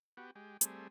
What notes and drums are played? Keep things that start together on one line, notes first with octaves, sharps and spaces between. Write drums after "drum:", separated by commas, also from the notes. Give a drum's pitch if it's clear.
B3 F#4 G4
G#3 G4
G3 A3 C4 G#4, drum: hi-hat